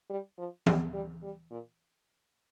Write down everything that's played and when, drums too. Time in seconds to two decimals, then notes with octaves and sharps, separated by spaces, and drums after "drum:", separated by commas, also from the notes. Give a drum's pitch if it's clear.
0.10 G3
0.38 F3
0.66 G3, drum: tom E3
0.94 G3
1.22 G3
1.51 A#2